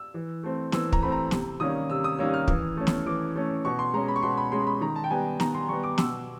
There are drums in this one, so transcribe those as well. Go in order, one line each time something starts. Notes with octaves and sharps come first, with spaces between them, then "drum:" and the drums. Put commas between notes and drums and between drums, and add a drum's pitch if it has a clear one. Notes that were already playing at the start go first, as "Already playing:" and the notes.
Already playing: E6
E3
A3 C4
E3 E6, drum: snare
A#5, drum: kick
A3 C4 B5
A#5
C3, drum: snare
D#3 G3 A#3 C#4 D#6
C3 E6
D#6
D#3 G3 A#3 C#4 E6
F6
E3, drum: kick
A3 C#4
drum: snare
E3 D6
A3 C#4
B2 C#6
C6
G#3 C#4 A#5
B5
C#6
B2 C6
B5
G#3 C#4 C6
B5
D#3 A#5
A5
G5
G3 B3 G#5
D#3 A#5, drum: snare
C6
G3 B3 C#6
D6
B2 E6, drum: snare